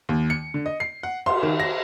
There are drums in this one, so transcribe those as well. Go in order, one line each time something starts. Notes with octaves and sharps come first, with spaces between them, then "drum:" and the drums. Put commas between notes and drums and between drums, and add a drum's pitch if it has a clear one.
D#2
C#7
D3
D#5
C7
F#5
C6, drum: cymbal
D#3
A#6